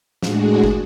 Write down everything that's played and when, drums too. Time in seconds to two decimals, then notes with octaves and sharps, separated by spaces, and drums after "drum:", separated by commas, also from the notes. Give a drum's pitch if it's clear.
0.23 A2 G#3 D4 F#4 G#4, drum: snare
0.64 drum: kick